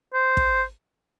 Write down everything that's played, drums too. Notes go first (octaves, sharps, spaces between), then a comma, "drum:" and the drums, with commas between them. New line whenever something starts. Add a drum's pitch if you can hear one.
C5
drum: kick